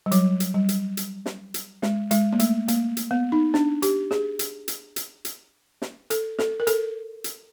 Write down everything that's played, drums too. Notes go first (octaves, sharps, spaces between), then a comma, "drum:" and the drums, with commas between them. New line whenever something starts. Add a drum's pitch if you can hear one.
G3
F#3, drum: hi-hat
drum: hi-hat
G3
drum: hi-hat
drum: hi-hat
drum: snare
drum: hi-hat
G#3, drum: snare
G#3, drum: hi-hat
A#3
A3, drum: hi-hat
A#3, drum: hi-hat
drum: hi-hat
B3
D#4
D4, drum: snare
G4, drum: hi-hat
G#4, drum: snare
drum: hi-hat
drum: hi-hat
drum: hi-hat
drum: hi-hat
drum: snare
A4, drum: hi-hat
A4, drum: snare
A#4
A4, drum: hi-hat
drum: hi-hat